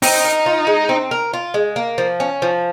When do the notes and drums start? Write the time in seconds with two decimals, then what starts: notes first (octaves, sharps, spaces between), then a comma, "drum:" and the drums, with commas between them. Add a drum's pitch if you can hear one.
0.02 C4 D#4, drum: open hi-hat
0.24 A#4
0.46 F4
0.67 G#3
0.89 C4
1.11 A#4
1.34 F4
1.54 G#3
1.76 A#3
1.98 F3
2.20 C#4
2.42 F3